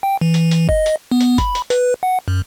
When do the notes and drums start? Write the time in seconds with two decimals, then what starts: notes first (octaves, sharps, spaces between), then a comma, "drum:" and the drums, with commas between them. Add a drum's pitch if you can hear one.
0.03 G5
0.21 E3
0.34 drum: hi-hat
0.51 drum: hi-hat
0.69 D#5, drum: kick
0.86 drum: hi-hat
1.11 B3
1.21 drum: hi-hat
1.38 B5, drum: kick, hi-hat
1.55 drum: hi-hat
1.70 B4, drum: hi-hat
2.03 F#5
2.28 F#2